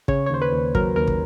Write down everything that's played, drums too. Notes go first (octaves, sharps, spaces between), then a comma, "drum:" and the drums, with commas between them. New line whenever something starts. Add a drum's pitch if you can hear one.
C#3 C#5, drum: kick
C#5
D#2 C5
B4
D#2
F#3 A#4, drum: kick
D#2 A#4
drum: kick